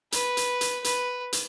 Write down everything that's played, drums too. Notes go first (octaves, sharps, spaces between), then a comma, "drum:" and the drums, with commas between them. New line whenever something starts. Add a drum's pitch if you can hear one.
B4, drum: hi-hat
drum: hi-hat
drum: hi-hat
B4, drum: hi-hat
drum: hi-hat